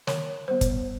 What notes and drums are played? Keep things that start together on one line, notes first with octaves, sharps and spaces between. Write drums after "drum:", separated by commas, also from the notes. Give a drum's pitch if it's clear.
D#3 C#5, drum: snare
G3 B3 C5
drum: kick, hi-hat